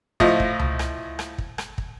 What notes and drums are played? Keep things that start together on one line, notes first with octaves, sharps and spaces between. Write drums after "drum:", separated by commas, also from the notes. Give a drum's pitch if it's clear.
A2 F3 D#5, drum: kick
drum: kick
drum: tom C#2
drum: rim click
drum: rim click
drum: kick
drum: rim click
drum: kick